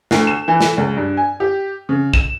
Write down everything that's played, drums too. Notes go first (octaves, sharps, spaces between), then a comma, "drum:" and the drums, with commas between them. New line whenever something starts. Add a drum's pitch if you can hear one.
D2, drum: snare
E7
E3
drum: snare
C#2
G2
G#5
G4
C#3
E7, drum: kick